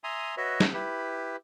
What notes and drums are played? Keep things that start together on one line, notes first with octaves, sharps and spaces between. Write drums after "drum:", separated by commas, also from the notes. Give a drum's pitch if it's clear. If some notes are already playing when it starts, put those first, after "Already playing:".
E5 G#5 A#5 C6 D#6
F#4 B4 C#5 D#5 E5
drum: snare
E4 G4 B4